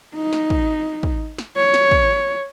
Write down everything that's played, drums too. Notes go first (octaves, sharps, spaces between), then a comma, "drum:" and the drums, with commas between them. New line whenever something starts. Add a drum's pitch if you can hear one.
D#4
drum: snare
drum: kick
drum: kick
drum: snare
C#5
drum: snare
drum: kick